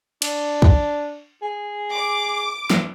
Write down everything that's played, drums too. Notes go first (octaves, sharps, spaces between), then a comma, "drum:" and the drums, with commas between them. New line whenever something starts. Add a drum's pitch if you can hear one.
D4, drum: cymbal
drum: kick
G#4
D6
drum: snare